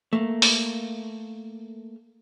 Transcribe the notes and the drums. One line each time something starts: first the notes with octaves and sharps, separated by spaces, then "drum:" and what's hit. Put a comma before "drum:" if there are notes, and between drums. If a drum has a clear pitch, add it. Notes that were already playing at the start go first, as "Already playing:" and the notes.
A3 A#3
drum: open hi-hat